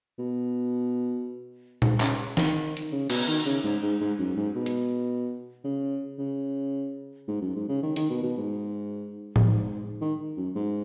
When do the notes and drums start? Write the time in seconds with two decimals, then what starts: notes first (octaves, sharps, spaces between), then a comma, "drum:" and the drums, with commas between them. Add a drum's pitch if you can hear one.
0.19 B2
1.82 G#2, drum: tom A#2
2.00 C#3, drum: clap
2.37 D#3, drum: snare
2.77 drum: hi-hat
2.92 C#3
3.10 B2, drum: cymbal
3.28 D#3
3.46 C#3
3.64 G#2
3.82 G#2
4.01 G#2
4.19 F#2
4.37 G#2
4.55 B2
4.66 drum: hi-hat
5.64 C#3
6.18 C#3
7.28 G#2
7.41 F#2
7.56 G#2
7.69 C#3
7.83 D#3
7.96 D#3, drum: hi-hat
8.10 B2
8.23 B2
8.37 G#2
9.36 drum: tom A2
9.46 G#2
10.01 D#3
10.37 F#2
10.55 G#2